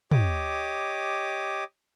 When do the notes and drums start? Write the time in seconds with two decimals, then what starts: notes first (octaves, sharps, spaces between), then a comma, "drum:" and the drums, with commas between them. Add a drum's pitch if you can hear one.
0.12 G4 C#5 D#5 D6, drum: tom